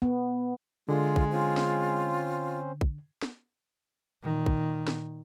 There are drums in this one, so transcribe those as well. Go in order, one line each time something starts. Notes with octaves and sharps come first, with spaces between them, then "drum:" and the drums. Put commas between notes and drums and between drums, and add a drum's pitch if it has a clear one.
B3
D3 G#3 F4
drum: kick
C4 C#4 F4 C5
drum: snare
drum: kick
drum: snare
A#2 D#3
drum: kick
drum: snare